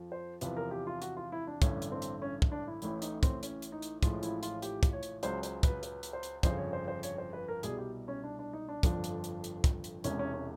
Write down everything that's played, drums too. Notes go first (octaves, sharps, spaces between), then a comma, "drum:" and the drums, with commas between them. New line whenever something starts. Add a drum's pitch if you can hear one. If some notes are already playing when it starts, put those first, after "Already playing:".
Already playing: F2 F3
C5
E2 C3 F3 B4, drum: hi-hat
A#4
G4
F4
F#4, drum: hi-hat
F4
E4
D4
A1 G2 D3 C#4, drum: kick, hi-hat
drum: hi-hat
C4
drum: hi-hat
C#4
drum: kick
D4
E4
A1 A2 E3 E4, drum: hi-hat
D#4, drum: hi-hat
C4, drum: kick, hi-hat
C#4, drum: hi-hat
drum: hi-hat
D#4
drum: hi-hat
A1 A2 F3 G#3 F4, drum: kick, hi-hat
E4, drum: hi-hat
F4, drum: hi-hat
G4, drum: hi-hat
drum: kick, hi-hat
C#5
drum: hi-hat
C#2 C#3 F#3 C5, drum: hi-hat
C5, drum: hi-hat
B4, drum: kick, hi-hat
B4, drum: hi-hat
drum: hi-hat
C5
drum: hi-hat
G1 F2 C#3 C5, drum: kick, hi-hat
C#5
C5
C5
C#5, drum: hi-hat
C5
B4
A#4
C2 B2 G3 G#4, drum: hi-hat
G4
C#4
D4
D4
D#4
D4
G1 F2 D3 F3 D4, drum: kick, hi-hat
drum: hi-hat
drum: hi-hat
drum: hi-hat
drum: kick, hi-hat
drum: hi-hat
E1 E2 C3 E3 G#3 C#4, drum: hi-hat
C#4
C#4